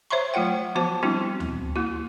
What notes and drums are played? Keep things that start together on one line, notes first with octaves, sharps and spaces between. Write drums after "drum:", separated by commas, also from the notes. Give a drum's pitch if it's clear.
C5 C#5 E5 A#5 C6 C#6
F#3 A3 F4 F#5 G5
F3 B3 F#4 C5 A5
G3 B3 C4 D4 E4 F#4
drum: tom D2
A#3 E4 F#4